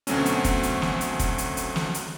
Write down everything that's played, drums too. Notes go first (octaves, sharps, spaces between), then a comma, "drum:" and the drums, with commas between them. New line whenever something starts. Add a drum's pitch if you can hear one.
D2 B2 F#3 A3 C4 C#4, drum: hi-hat
drum: hi-hat
drum: kick F1, hi-hat
drum: hi-hat
drum: snare
drum: hi-hat
drum: kick F1, hi-hat
drum: hi-hat
drum: hi-hat
drum: snare
drum: hi-hat